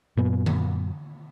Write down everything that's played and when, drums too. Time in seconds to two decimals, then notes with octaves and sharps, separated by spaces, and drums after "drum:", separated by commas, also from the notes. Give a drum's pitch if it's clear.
0.17 F#2 A#2 B3
0.46 drum: tom D3